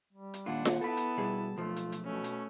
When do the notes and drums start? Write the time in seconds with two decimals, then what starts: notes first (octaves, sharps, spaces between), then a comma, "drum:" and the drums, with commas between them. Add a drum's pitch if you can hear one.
0.13 G3
0.34 drum: hi-hat
0.46 D#2 A#2 D4 F4 F#5
0.65 drum: snare F4
0.81 B3 E4 A4 A5 B5
0.97 drum: hi-hat
1.17 B2 G3 G#4
1.57 B1 F3 A3 F4
1.76 drum: hi-hat
1.92 drum: hi-hat
2.05 B2 A3 C#4
2.24 drum: hi-hat